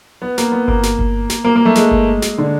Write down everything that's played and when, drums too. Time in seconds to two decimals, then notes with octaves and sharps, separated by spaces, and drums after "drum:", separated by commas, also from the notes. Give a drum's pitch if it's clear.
0.22 B3
0.38 A#3, drum: snare
0.52 B3
0.68 A#3, drum: kick G1
0.83 drum: snare
0.99 drum: kick G1
1.30 drum: snare
1.44 A#3
1.56 A#3
1.65 A3
1.75 G#3, drum: snare
1.91 drum: kick G1
2.22 drum: snare
2.38 D3